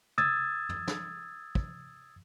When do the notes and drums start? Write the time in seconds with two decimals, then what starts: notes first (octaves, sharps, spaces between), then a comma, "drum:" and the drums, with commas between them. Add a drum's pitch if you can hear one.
0.18 D#6 E6 G#6 A6, drum: tom
0.69 drum: tom
0.87 drum: snare
1.55 drum: kick